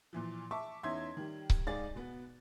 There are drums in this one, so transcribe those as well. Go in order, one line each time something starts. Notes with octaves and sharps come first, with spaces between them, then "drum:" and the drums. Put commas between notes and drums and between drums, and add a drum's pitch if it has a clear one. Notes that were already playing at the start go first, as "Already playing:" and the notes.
A#2 E3 F3
E5 A5 C#6 D6
E2 C#4 D#4 E5 C6 G#6
D#3 G3
drum: kick C#1
G#2 D#4 G#4 D5 F5 A6
B2 B3